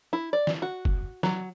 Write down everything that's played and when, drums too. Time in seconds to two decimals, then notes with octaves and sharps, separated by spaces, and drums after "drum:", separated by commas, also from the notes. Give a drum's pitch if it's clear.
0.13 E4
0.33 D5
0.47 drum: snare
0.62 F#4
0.85 drum: kick
1.23 F#3, drum: snare